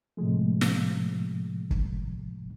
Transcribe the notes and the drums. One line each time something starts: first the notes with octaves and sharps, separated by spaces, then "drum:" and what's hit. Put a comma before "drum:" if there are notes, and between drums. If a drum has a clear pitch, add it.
A2 C3 F3 G#3 A3
drum: snare
drum: kick